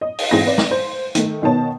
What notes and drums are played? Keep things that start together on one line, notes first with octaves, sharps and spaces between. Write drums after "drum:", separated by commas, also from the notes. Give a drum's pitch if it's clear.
D#5
drum: open hi-hat
G#2 E3 C4 E4 G#4 A#6
C4 B4 D5
drum: snare
C5
D#3 A3, drum: hi-hat
B2 D#3 B3 C#5 A5